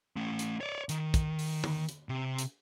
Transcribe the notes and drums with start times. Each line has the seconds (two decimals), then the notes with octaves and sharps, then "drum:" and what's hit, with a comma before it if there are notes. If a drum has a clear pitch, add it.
0.16 A3 C#4
0.39 drum: hi-hat
0.61 C#5 D5
0.89 D#3, drum: hi-hat
1.14 drum: kick, hi-hat
1.39 drum: open hi-hat
1.64 drum: tom
1.89 drum: hi-hat
2.09 C3
2.38 drum: hi-hat